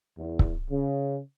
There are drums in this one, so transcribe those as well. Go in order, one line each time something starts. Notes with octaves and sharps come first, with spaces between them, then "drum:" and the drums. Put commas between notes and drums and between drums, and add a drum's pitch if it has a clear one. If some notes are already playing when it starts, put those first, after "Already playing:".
E2
drum: kick C#1
C#3